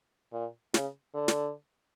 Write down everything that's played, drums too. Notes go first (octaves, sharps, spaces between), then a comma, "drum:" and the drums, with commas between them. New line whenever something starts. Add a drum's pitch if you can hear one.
A#2
C#3, drum: snare
D3
drum: snare